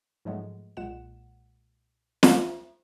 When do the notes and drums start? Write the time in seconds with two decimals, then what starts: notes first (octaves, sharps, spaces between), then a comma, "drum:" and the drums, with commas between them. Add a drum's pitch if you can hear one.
0.25 G#2 F3 F#3 G#3 A3 B3
0.77 B1 A#2 G#3 F#5 E7
2.23 drum: snare